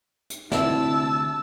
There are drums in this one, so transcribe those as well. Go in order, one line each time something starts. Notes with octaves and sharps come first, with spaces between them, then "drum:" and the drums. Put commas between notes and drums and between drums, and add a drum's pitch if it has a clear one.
drum: hi-hat
D2 C3 E4 A5 E6, drum: snare